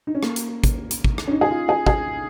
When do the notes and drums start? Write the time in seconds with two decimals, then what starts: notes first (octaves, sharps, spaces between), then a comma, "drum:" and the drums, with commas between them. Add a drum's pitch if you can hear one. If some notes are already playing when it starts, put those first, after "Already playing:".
0.07 D#4
0.15 C#4
0.23 A#3, drum: rim click
0.36 drum: hi-hat
0.64 drum: kick, hi-hat
0.91 drum: hi-hat
1.04 drum: kick
1.18 drum: rim click
1.27 C#4
1.31 D#4
1.41 G#4
1.51 F4
1.69 G#4
1.86 G#4, drum: kick